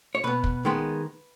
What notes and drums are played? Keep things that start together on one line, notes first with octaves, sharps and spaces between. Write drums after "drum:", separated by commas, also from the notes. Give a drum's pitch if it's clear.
C#5
B2 B3 B4
drum: kick
D#3 G#3 B3